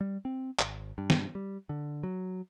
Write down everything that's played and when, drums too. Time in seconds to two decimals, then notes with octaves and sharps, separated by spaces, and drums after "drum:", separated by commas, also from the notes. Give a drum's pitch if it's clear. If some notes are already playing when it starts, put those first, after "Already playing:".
0.01 G3
0.25 C4
0.59 G#1, drum: clap
0.98 G2
1.10 drum: snare
1.35 G3
1.69 D3
2.03 F#3